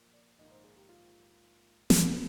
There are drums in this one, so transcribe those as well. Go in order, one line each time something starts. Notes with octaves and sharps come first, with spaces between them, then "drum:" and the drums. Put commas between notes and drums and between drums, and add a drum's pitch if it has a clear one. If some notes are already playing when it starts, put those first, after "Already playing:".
Already playing: A#2 F3 A#3
D5
A#1 G#2 D#3 A#3 D#5
C5
G#4
G4
F4
drum: snare